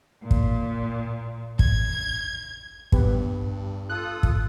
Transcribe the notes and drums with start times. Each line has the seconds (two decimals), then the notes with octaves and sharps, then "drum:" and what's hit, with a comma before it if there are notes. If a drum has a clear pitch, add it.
0.21 A#2
0.31 drum: kick
1.59 G#6, drum: kick
2.92 G2 B3 G4 B4, drum: kick
3.89 F4 A4 D#6 F#6
4.23 drum: kick